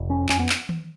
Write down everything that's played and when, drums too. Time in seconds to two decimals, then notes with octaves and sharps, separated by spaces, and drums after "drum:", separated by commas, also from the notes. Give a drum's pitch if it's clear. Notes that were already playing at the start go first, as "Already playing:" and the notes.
Already playing: F1
0.09 F2 C#4
0.29 F2 C#4, drum: clap
0.39 B3
0.49 drum: clap
0.69 drum: tom D#3